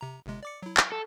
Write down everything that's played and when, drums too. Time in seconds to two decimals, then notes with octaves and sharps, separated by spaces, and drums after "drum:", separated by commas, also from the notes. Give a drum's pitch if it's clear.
0.01 C3 A#5
0.26 G1 C3 G#3
0.43 D5 D6 C#7
0.62 F#3 E4
0.77 drum: clap
0.92 A4